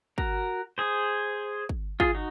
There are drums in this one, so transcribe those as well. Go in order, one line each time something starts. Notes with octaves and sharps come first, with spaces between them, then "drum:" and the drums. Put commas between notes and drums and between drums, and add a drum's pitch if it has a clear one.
F#4 A#4, drum: kick
G#4 C5
drum: kick
F4 G#4, drum: kick
D#4 F#4